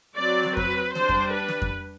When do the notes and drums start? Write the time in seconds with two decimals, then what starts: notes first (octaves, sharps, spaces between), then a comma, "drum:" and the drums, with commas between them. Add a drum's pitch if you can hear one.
0.17 F#3 C4 D5
0.43 drum: snare
0.57 B4, drum: kick F2
0.95 G3 D4 C5, drum: snare
1.09 drum: kick F2
1.35 B4
1.49 drum: snare
1.62 drum: kick F2